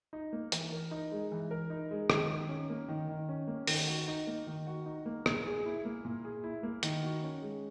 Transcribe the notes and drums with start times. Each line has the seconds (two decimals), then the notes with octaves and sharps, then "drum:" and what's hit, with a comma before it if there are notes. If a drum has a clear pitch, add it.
0.13 D#4
0.33 A#3
0.52 E3, drum: hi-hat
0.72 A#4
0.91 D#4
1.12 G#3
1.32 E3
1.51 A#4
1.70 D#4
1.91 G#3
2.10 D#3, drum: rim click
2.30 D#3
2.49 C#4
2.70 A#3
2.88 D#3
3.08 D#3
3.29 C#4
3.48 A#3
3.67 D#3, drum: open hi-hat
3.87 F#4
4.08 D#4
4.27 A#3
4.47 D#3
4.67 F#4
4.86 D#4
5.06 A#3
5.26 A#2, drum: rim click
5.46 G#4
5.65 E4
5.85 A#3
6.05 A#2
6.24 G#4
6.44 E4
6.63 A#3
6.83 D#3, drum: hi-hat
7.03 F#4
7.23 C#4
7.42 G#3